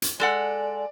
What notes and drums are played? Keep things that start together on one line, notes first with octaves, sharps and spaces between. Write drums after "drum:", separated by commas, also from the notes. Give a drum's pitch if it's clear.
drum: hi-hat
G#3 A4 D5 F#5 G#5